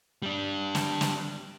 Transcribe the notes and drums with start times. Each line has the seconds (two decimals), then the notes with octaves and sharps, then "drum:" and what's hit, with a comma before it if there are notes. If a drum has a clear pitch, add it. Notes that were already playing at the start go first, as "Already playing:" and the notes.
0.22 G3 D4
0.75 drum: snare
1.01 drum: snare